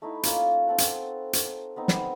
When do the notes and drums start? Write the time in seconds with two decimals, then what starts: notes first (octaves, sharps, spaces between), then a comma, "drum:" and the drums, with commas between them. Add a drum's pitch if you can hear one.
0.02 A3 D#4 E4
0.23 A#3 C#4 F4, drum: hi-hat
0.67 C4 A4 F#5
0.78 drum: hi-hat
1.33 drum: hi-hat
1.76 B3 C4 D#4
1.88 drum: snare